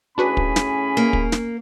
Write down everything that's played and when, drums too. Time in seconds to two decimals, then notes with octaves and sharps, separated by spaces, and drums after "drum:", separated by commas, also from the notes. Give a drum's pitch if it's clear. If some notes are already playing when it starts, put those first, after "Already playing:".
0.18 A2 C#4 D4 F#4 G#4 B4 B5
0.37 drum: kick
0.56 drum: snare
0.97 A#3
1.13 drum: kick
1.32 drum: snare